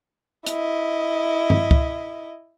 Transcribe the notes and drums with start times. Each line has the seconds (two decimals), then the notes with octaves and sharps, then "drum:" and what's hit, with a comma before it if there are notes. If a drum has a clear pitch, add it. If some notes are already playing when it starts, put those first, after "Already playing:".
0.46 E4 D#5, drum: hi-hat
1.50 drum: tom G2
1.71 drum: kick